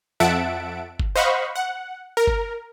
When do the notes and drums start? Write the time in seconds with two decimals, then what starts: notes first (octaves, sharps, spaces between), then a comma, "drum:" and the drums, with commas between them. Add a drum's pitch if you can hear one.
0.20 F2 E5 F#5 A5 D7
0.99 drum: kick G1
1.15 C5 D#5 F5 F#5 B5 C#6
1.56 F#5
2.17 A#4
2.27 drum: kick G1